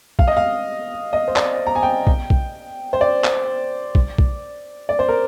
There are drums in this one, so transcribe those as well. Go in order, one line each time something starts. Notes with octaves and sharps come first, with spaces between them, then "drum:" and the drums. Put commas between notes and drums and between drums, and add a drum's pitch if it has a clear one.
F5, drum: kick
D#5
F5
D#5
C5
D5, drum: clap
A#5
G#5
G5
drum: kick
drum: kick
C5
D5
drum: clap
drum: kick
drum: kick
D5
C5
A#4